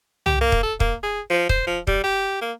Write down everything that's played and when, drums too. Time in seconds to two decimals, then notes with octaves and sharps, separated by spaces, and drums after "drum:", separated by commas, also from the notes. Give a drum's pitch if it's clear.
0.26 G4, drum: tom C2
0.41 A#3
0.52 drum: kick
0.63 A4
0.80 A#3, drum: kick
1.03 G#4
1.30 F3
1.49 C5, drum: kick
1.67 F3
1.87 G3, drum: kick
2.04 G4
2.41 A#3